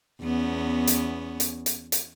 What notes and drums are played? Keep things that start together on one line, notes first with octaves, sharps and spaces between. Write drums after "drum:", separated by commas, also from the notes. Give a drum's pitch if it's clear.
E2 B3 C#4
drum: hi-hat
drum: hi-hat
drum: hi-hat
drum: hi-hat